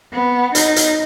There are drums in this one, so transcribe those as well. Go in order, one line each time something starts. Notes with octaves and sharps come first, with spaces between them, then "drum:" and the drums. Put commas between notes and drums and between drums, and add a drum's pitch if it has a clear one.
B3
D#4, drum: hi-hat
drum: hi-hat